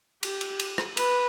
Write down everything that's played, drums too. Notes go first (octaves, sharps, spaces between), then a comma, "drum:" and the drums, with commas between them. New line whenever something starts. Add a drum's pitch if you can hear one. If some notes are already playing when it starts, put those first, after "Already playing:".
G4, drum: cymbal
drum: cymbal
drum: cymbal
drum: rim click
B4, drum: cymbal